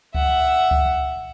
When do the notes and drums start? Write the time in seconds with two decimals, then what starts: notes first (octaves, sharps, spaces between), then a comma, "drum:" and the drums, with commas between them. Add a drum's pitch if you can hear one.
0.15 E5 F#5, drum: kick C#2
0.71 drum: kick C#2